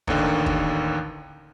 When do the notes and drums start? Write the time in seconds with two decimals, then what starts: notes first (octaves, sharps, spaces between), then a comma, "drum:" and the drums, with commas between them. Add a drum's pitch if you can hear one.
0.07 A1 D#2 D3 D#3, drum: kick
0.46 drum: kick